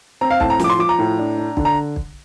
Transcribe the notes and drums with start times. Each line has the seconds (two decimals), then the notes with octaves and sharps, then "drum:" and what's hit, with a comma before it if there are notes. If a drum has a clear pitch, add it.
0.21 C4 A#5
0.30 F5
0.40 A2 A5, drum: kick
0.50 A#5
0.60 F3 D6, drum: snare
0.70 C6
0.79 F3 D6
0.89 A#5
0.98 A2
1.18 D4
1.38 D4
1.57 D3, drum: kick
1.65 A#5
1.96 drum: kick